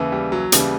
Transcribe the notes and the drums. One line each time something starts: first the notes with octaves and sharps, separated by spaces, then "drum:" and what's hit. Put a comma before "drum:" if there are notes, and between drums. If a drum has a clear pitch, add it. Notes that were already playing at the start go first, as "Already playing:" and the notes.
Already playing: D#2 C#3 E3
G3
F#3
D#2 C#3 E3 G3, drum: hi-hat